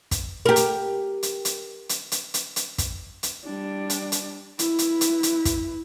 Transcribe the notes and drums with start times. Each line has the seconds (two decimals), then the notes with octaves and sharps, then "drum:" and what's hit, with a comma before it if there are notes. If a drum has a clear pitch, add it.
0.11 drum: kick, hi-hat
0.46 G4 A#4
0.56 drum: hi-hat
1.23 drum: hi-hat
1.45 drum: hi-hat
1.89 drum: hi-hat
2.12 drum: hi-hat
2.34 drum: hi-hat
2.56 drum: hi-hat
2.78 drum: kick, hi-hat
3.23 drum: hi-hat
3.45 G3 D4
3.90 drum: hi-hat
4.12 drum: hi-hat
4.59 E4 B4, drum: hi-hat
4.79 drum: hi-hat
5.01 drum: hi-hat
5.23 drum: hi-hat
5.45 drum: kick, hi-hat